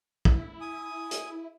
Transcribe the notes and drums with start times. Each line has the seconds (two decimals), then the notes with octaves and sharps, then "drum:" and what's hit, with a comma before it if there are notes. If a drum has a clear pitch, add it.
0.25 E4, drum: kick
0.61 G#5 D#6
1.11 drum: hi-hat